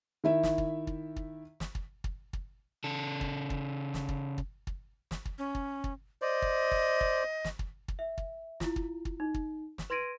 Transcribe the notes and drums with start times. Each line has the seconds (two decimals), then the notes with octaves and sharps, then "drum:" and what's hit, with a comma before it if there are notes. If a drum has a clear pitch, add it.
0.24 D#3 E4 E5
0.43 drum: snare
0.58 drum: kick
0.87 drum: kick
1.16 drum: kick
1.60 drum: snare
1.75 drum: kick
2.04 drum: kick
2.33 drum: kick
2.84 C#3 A4
3.21 drum: kick
3.50 drum: kick
3.94 drum: snare
4.09 drum: kick
4.38 drum: kick
4.67 drum: kick
5.11 drum: snare
5.25 drum: kick
5.38 C#4
5.55 drum: kick
5.84 drum: kick
6.22 C5 D5 D#5
6.42 drum: kick
6.71 drum: kick
7.01 drum: kick
7.45 drum: snare
7.59 drum: kick
7.88 drum: kick
7.99 E5
8.18 drum: kick
8.60 E4 F4, drum: snare
8.76 drum: kick
9.05 drum: kick
9.20 D#4
9.34 drum: kick
9.78 drum: snare
9.90 B4 C6 G#6 A#6 D7 D#7